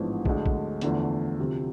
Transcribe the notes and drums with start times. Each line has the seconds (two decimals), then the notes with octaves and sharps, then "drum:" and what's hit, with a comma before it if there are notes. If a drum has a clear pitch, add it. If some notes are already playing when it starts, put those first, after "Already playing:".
Already playing: A1 G#2 F3 B3 D4
0.25 D2 D3 G#3 D4, drum: kick
0.46 drum: kick
0.81 E2 D3 F3 A3, drum: hi-hat
1.38 D2 C3 F3